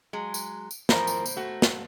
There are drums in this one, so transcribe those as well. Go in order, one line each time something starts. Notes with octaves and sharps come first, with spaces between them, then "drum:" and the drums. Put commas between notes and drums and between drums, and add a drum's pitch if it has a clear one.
F#3 G#3
drum: tambourine
drum: tambourine
E3 F3 A#4 C5 A#5 B5, drum: snare
drum: tambourine
drum: tambourine
A3 F#4
drum: snare